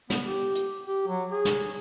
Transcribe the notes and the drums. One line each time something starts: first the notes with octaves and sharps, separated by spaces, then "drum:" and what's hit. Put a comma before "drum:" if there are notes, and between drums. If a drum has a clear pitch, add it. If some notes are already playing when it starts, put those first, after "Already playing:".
B3, drum: snare
G4
drum: hi-hat
G4
F#3
G#4
drum: snare